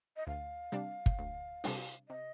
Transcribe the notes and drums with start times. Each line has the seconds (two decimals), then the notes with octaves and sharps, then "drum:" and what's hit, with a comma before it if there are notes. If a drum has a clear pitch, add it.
0.17 D#5
0.27 D2 F5
0.72 C3 G3 D4
1.06 drum: kick
1.19 D2
1.64 C3 G3 D4, drum: open hi-hat
2.09 C3 D#5